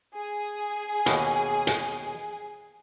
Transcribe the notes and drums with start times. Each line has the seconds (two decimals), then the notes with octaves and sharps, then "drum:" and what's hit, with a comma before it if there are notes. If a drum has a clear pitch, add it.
0.15 G#4
1.06 D#2 B2, drum: hi-hat
1.67 drum: hi-hat